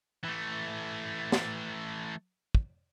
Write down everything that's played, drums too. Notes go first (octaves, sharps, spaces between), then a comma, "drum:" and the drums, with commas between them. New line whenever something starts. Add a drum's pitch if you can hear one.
E3 A3
drum: snare
drum: kick